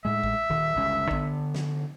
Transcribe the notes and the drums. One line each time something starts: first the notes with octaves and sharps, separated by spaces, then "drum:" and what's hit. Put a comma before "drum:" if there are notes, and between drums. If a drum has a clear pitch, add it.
A2 G#3 E5
drum: kick A1
D#1 D#3
G1 C#2 C#4
D3 B3, drum: kick A1
drum: snare